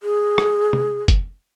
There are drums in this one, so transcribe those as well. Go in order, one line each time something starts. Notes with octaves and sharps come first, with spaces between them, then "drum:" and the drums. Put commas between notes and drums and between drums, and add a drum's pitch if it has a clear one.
G#4
drum: rim click
drum: tom C3
drum: kick, hi-hat